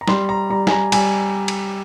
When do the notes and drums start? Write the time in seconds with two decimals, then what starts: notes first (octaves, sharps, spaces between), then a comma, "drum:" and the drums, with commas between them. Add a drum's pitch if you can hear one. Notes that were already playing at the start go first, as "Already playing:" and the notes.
0.01 A#5
0.08 G3 C6, drum: snare
0.29 A#5
0.50 G3 A#5
0.67 G#5, drum: snare
0.71 A#5
0.92 G3 G#5, drum: cymbal
1.48 drum: cymbal